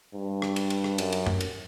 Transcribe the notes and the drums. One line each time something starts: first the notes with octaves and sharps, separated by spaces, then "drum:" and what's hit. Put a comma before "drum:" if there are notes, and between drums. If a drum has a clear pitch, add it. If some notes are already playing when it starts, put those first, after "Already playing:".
G2
drum: rim click
drum: cymbal
drum: cymbal
drum: rim click
F#2, drum: cymbal
drum: cymbal
drum: tom
drum: cymbal